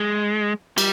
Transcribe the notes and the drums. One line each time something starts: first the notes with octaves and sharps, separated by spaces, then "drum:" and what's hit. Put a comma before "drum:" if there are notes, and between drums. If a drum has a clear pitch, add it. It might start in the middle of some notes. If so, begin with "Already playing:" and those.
Already playing: G#3
G3, drum: cymbal